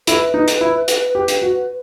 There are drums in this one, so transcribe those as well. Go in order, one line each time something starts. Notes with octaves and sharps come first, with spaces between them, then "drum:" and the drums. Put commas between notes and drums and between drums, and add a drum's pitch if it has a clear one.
E4 B4, drum: hi-hat
D#4
drum: hi-hat
E4
drum: hi-hat
G4
drum: hi-hat
F#4